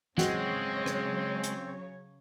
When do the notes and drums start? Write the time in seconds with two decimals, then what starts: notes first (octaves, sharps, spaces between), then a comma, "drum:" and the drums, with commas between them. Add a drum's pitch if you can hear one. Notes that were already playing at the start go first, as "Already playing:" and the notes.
0.18 C#3 F#3 G#3 C4 F#4 C#5 D#5 G5, drum: snare
0.86 drum: rim click
1.44 drum: hi-hat